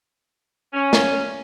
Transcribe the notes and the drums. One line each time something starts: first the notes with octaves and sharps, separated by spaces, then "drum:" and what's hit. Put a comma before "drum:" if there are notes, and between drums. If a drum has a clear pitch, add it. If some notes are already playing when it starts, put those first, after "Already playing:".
C#4
drum: snare